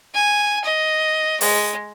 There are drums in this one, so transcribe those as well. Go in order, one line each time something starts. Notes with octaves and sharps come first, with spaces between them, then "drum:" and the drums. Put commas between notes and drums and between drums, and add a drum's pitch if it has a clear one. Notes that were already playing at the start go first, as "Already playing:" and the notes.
G#5
D#5
G#3, drum: open hi-hat